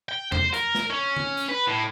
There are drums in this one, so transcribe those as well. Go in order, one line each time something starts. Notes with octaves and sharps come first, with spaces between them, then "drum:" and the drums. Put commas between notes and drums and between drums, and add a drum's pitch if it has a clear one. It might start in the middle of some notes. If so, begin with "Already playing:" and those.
G5
C5, drum: tom E2
A#4, drum: hi-hat
drum: snare
C#4
drum: tom D3
drum: hi-hat
B4
A2